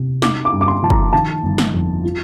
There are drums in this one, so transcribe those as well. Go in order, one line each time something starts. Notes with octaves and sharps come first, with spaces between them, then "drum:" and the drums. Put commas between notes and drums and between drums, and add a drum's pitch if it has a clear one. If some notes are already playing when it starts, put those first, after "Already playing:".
Already playing: C3
D#4 D6, drum: snare
D6
G2
D6
C6
F3 A5
A#5, drum: kick
D#3 A5
G1
drum: snare
F2
F4